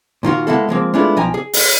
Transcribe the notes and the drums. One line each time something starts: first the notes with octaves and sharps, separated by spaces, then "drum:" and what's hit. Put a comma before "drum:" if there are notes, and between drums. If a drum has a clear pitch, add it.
A#2 D#3 F4 F#4
G#3 A#3 B3 E4 A4
F3 G#3 A#3 C4
G#3 A3 B3 D4 E4 F4
B1 F3 D#5 G5 G#5 A#5
G#4
drum: open hi-hat